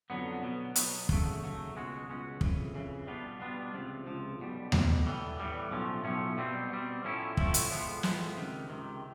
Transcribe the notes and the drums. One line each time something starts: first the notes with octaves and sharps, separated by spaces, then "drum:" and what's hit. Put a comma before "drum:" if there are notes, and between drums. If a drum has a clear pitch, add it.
F2 D3 F#3 B3
B2 F#3 B3
B2 F#3 B3, drum: hi-hat
D#2 C#3 F#3 A3, drum: kick
D#2 C#3 F#3 A3
C#2 B2 G#3 C#4 F#4
C#2 B2 G#3 C#4 F#4
F2 C#3 E3, drum: kick
F2 C#3 E3
B2 G3 B3 D4 F4
B2 G3 B3 D4 F4
C#2 C3 F3
C#2 C3 F3
B1 B2 G3
B1 B2 G3, drum: tom D#2
A2 E3 G3 B3
A2 E3 G3 B3
B1 A2 F3 A3 C#4
B1 A2 F3 A3 C#4
B2 G3 C4
B2 G3 C4
A2 F3 A3 C#4 E4
A2 F3 A3 C#4 E4, drum: kick
drum: hi-hat
A2 F3 G#3 B3
A2 F3 G#3 B3, drum: snare
C#2 C3 D#3
C#2 C3 D#3